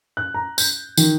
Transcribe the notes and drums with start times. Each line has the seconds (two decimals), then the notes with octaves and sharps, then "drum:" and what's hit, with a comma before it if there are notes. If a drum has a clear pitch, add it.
0.17 F#6
0.34 A#5
0.58 G6, drum: tambourine
0.97 D#3, drum: tambourine